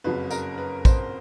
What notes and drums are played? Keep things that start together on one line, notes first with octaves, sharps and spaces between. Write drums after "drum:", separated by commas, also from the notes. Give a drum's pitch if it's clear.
F#1 F2 C#3 F#3 B4
A#4, drum: tambourine
B4
C5, drum: kick, tambourine